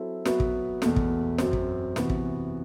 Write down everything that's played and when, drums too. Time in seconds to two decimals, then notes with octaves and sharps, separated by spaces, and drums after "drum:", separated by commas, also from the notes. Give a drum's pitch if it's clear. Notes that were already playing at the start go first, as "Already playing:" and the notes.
Already playing: F#3 C4 E4 A4
0.25 F#3 B3 F#4 B4 E5, drum: snare
0.40 drum: kick
0.82 E2 B2 A3, drum: snare
0.96 drum: kick
1.38 F#2 F#3 C4, drum: snare
1.53 drum: kick
1.96 C3 E3 B3 F#4, drum: snare
2.10 drum: kick